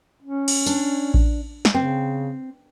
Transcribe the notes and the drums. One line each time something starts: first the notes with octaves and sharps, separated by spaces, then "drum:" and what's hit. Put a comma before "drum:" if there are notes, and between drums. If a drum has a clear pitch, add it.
C#4
drum: cymbal
D4, drum: tambourine
drum: kick A1
drum: snare
C#3 C4